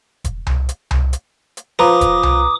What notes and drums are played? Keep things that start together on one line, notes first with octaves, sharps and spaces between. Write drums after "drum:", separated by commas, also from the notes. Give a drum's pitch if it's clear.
drum: kick E1, hi-hat
drum: tom C2
drum: hi-hat
drum: tom C2
drum: hi-hat
drum: hi-hat
F3 B4 A#5 D6 D#6
drum: kick E1, hi-hat
drum: tom C2